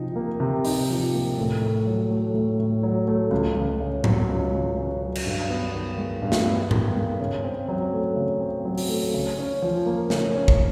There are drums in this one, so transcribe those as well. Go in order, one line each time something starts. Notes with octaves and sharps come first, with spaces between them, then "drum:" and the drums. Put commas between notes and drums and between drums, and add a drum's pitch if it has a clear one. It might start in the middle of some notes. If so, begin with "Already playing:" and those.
Already playing: C3 F3 D#4
A#3
C3
D#4, drum: open hi-hat
F3
A#3
A2
A2
F#3
A3
A2
A2
F#3
A3
C#2
C#2
C#3
F#3, drum: tom G#2
C#2
C#2
C#3
F#3
drum: cymbal
G2
B3
D#3
G#3
G2
drum: snare
B3
D#3, drum: tom G#2
G#3
C#3
C4
F#3
A3
C#3
C4
F#3
drum: open hi-hat
A3
C#3
C#4
F3
A#3
C#3, drum: snare
C#4
drum: kick